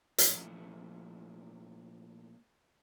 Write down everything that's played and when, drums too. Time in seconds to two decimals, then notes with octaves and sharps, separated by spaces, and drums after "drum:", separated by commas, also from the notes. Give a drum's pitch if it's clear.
0.18 A#2 F3 A3 E4, drum: hi-hat